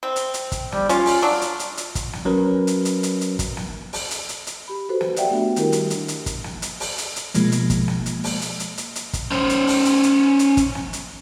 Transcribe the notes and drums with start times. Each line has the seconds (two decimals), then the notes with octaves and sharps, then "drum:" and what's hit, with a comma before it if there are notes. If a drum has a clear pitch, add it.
0.03 C4
0.16 drum: hi-hat
0.34 drum: hi-hat
0.52 drum: kick, hi-hat
0.72 G3, drum: snare
0.89 C#4 F4 F5, drum: hi-hat
1.06 drum: open hi-hat
1.22 F#3 D4
1.42 drum: hi-hat
1.59 drum: hi-hat
1.77 drum: hi-hat
1.95 drum: kick, hi-hat
2.13 drum: snare
2.25 F#3 C#4 A#4 B4
2.67 drum: hi-hat
2.85 drum: hi-hat
3.03 drum: hi-hat
3.21 drum: hi-hat
3.39 drum: kick, hi-hat
3.57 drum: snare
3.93 drum: open hi-hat
4.11 drum: hi-hat
4.29 drum: hi-hat
4.47 drum: hi-hat
4.68 G4 B5
4.89 F#4 A4 B4 C5
5.01 drum: snare
5.16 F#4 G4 D5 E5 F#5 G5, drum: hi-hat
5.30 A3 B3 D4
5.56 D#3 G3 D4 E4 G4 A#4, drum: hi-hat
5.72 drum: hi-hat
5.90 drum: hi-hat
6.08 drum: hi-hat
6.26 drum: kick, hi-hat
6.44 drum: snare
6.62 drum: hi-hat
6.80 drum: open hi-hat
6.98 drum: hi-hat
7.16 drum: hi-hat
7.34 B2 F3 G#3 A#3, drum: hi-hat
7.52 drum: hi-hat
7.70 drum: kick, hi-hat
7.88 drum: snare
8.06 drum: hi-hat
8.24 drum: open hi-hat
8.42 drum: hi-hat
8.60 drum: hi-hat
8.78 drum: hi-hat
8.96 drum: hi-hat
9.13 drum: kick, hi-hat
9.31 C#4 C5, drum: snare
9.49 drum: hi-hat
9.67 drum: open hi-hat
9.85 drum: hi-hat
10.03 drum: hi-hat
10.39 drum: hi-hat
10.57 drum: kick, hi-hat
10.75 drum: snare
10.93 drum: hi-hat